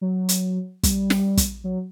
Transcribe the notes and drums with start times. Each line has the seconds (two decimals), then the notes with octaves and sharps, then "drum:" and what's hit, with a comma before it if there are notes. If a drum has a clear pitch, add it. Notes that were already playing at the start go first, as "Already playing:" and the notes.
0.01 F#3
0.29 drum: hi-hat
0.83 G3, drum: kick, hi-hat
1.10 drum: snare
1.37 drum: kick, hi-hat
1.64 F#3